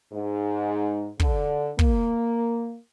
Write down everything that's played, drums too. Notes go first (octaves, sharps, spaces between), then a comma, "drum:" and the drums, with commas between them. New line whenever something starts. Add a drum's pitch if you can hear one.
G#2
D3, drum: kick
A#3, drum: kick